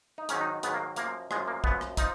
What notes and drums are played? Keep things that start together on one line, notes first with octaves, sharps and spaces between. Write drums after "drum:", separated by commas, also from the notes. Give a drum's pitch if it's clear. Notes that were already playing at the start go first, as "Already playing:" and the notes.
D#4
G#2 D#3 F#3 C#4, drum: hi-hat
D#4
G#2 D#3 F#3 B3, drum: hi-hat
A#3
F#2 F3 A#3, drum: hi-hat
F#2 F3 G#3, drum: rim click
A#3
F#2 F3 B3, drum: kick
drum: rim click
F3 D#4, drum: kick, hi-hat